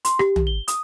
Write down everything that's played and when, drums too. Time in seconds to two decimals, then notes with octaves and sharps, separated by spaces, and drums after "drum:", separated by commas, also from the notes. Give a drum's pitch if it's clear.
0.05 C6, drum: hi-hat
0.19 G4, drum: rim click
0.36 drum: tom
0.47 G7
0.68 D#6, drum: hi-hat